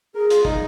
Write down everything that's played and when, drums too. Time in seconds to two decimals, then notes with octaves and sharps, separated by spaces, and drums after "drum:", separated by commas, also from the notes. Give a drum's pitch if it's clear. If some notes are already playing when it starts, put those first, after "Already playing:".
0.15 G#4 A#4
0.30 F4, drum: hi-hat
0.45 D#4, drum: kick